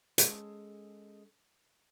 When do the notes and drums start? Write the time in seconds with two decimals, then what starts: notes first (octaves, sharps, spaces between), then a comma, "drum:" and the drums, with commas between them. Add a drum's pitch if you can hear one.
0.18 G#3 C#4 G#4 A4, drum: hi-hat